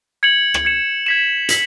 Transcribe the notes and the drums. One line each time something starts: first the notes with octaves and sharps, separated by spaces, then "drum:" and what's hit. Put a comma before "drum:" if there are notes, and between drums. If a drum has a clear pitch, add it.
G#6 C#7 F#7
drum: rim click
G#6 C#7 E7
G#6 B6 E7
B6 F#7, drum: hi-hat